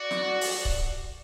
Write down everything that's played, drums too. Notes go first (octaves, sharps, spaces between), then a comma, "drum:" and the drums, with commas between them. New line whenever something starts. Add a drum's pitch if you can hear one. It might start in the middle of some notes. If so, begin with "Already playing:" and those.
Already playing: F#4 D5
drum: snare
drum: open hi-hat
drum: kick C#1